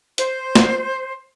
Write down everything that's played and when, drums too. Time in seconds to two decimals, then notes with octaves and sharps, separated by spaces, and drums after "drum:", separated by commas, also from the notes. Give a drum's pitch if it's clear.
0.18 C5, drum: hi-hat
0.55 drum: snare